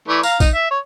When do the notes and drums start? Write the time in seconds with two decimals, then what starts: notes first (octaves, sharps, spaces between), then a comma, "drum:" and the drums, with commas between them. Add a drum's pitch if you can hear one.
0.08 E3 A3 D5
0.23 F5 A#5, drum: tambourine
0.40 D#4, drum: kick, tambourine
0.54 E5
0.70 C#5